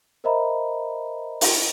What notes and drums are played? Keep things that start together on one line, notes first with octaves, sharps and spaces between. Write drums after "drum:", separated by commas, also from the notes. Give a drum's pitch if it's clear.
A#4 C5 D#5 E5 A#5 B5
drum: open hi-hat